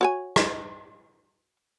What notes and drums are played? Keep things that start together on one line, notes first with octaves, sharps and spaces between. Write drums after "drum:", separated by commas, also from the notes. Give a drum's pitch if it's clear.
F#4 C#5 G#5
drum: rim click